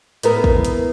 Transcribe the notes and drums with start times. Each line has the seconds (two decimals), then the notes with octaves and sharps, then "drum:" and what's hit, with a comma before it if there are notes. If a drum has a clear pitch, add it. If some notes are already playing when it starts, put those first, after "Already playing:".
0.23 A2 B3 A#4, drum: hi-hat
0.44 drum: kick
0.65 drum: hi-hat